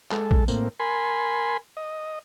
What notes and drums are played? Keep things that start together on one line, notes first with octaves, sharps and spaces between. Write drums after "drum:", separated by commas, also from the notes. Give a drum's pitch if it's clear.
G#3 A4, drum: clap
drum: kick A#1
A2 A#3 C4, drum: tambourine
A#4 G#5 B5 C6
D#5